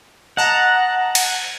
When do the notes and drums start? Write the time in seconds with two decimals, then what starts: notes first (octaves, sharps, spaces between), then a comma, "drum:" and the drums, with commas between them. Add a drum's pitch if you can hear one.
0.37 D#5 F#5 A5 A#5
1.15 drum: cymbal